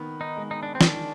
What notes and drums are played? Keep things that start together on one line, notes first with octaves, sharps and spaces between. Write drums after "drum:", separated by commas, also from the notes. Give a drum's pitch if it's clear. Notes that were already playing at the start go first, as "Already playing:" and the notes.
Already playing: D#3 B3
D#4
G#3
D#4
D4
C4
D#3, drum: snare
D4